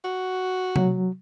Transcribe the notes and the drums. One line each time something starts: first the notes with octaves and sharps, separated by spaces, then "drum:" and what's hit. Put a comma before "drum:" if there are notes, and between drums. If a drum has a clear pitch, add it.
F#4
F#3, drum: tom C3